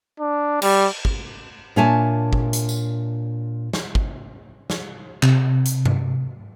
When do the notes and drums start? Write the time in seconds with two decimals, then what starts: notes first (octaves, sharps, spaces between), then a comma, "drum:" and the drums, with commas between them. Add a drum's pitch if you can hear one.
0.20 D4
0.62 G3, drum: cymbal
1.05 drum: kick
1.76 A#2 D4 C#5 E5 G#5 A5
2.33 drum: kick
2.53 drum: hi-hat
2.69 drum: tambourine
3.73 drum: snare
3.95 drum: kick
4.70 drum: snare
5.23 C3, drum: clap
5.65 drum: hi-hat
5.85 drum: tom G2